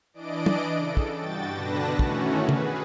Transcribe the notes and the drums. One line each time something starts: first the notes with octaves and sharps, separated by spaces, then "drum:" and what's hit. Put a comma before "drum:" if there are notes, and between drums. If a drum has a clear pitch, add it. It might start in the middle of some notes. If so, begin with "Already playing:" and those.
E3 D4 D5 D#5 D7
drum: tom
C#3 A4
drum: kick
G2 F#4 G5 A6
B2 D3 D4 B4 A5 A#6
D#3 E3 A3 C#4 F#4, drum: kick
G#4 B4, drum: tom